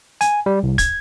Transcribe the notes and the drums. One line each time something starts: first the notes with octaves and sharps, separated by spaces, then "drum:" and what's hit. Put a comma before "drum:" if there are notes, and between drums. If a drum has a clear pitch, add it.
G#5, drum: hi-hat
G3
C2
G#6, drum: kick, hi-hat